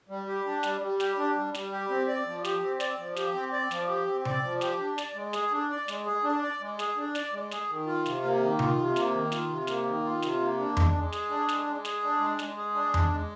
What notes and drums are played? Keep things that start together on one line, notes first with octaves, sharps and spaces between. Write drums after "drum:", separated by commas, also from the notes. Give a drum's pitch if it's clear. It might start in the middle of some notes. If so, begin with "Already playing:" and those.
G3
G4
D4
G3, drum: snare
G3
G4, drum: snare
D4
G3
G3, drum: snare
G4
C4
D5
F3
G4, drum: snare
C4
D5, drum: snare
F3
G4, drum: snare
C4
D5
F3, drum: snare
G4
C4
D5, drum: tom C3
F3
G4, drum: snare
D4
D5, drum: snare
G#3
G#4, drum: snare
D4
D5
G#3, drum: snare
G#4
D4
D5
G#3
G#4, drum: snare
D4
D5, drum: snare
G#3
G#4, drum: snare
D#3
F4
C3, drum: snare
A#3
D#3
F4, drum: tom C3
C3
A#3, drum: snare
D#3
F4, drum: snare
C3
A#3, drum: snare
D#3
F4
C3, drum: snare
A#3
D4
G#3, drum: tom E2
G#3
G#4, drum: snare
D4
G#3, drum: snare
G#3
G#4, drum: snare
D4
G#3
G#3, drum: snare
G#4
D4
G#3, drum: tom E2
G#3